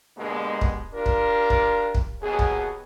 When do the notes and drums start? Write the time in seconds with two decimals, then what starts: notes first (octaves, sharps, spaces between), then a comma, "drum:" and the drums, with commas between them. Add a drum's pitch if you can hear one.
0.17 G#2 B2 D3 G#3 A#3 G4
0.61 drum: kick
0.93 D4 F4 G4 A#4
1.06 drum: kick
1.50 drum: kick
1.95 drum: kick
2.21 D#2 B2 F#3 G#4
2.39 drum: kick